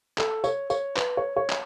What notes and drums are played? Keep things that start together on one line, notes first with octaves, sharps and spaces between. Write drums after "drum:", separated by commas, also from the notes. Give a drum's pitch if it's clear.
A4, drum: clap
C#5, drum: tambourine
C#5, drum: tambourine
B4, drum: clap
C#5
C#5
drum: clap